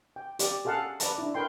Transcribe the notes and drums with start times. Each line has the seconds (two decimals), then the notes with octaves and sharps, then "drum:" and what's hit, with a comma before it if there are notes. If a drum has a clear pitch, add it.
0.16 G5
0.39 G4 D5, drum: hi-hat
0.65 G#4 A4 F5 F#5 A5
1.00 B4 D5 A5 A#5, drum: hi-hat
1.18 D4 E4
1.34 A#4 B4 G5 C6